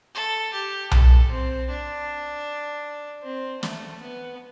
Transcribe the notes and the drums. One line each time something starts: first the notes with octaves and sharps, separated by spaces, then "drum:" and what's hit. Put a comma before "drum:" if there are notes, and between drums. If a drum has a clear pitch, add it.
A4
G4
A4, drum: tom B1
C4
D4
C4
A3, drum: snare
B3